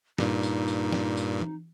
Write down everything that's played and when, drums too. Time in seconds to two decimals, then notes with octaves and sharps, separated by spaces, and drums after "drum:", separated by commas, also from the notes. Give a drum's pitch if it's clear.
0.18 G2 A#2 D#4, drum: snare
0.43 drum: tambourine
0.68 drum: tambourine
0.93 drum: snare
1.17 drum: tambourine
1.42 drum: tom E3